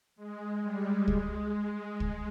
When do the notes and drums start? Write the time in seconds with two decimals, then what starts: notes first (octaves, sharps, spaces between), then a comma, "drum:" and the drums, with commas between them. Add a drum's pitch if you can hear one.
0.16 G#3
0.62 G3
1.08 G#3, drum: kick C#2
1.54 G#3
2.00 drum: kick C#2